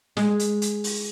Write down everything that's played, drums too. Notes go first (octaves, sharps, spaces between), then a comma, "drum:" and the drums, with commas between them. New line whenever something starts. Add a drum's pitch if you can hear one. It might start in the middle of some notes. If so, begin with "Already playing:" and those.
G#3, drum: snare
drum: hi-hat
drum: hi-hat
drum: open hi-hat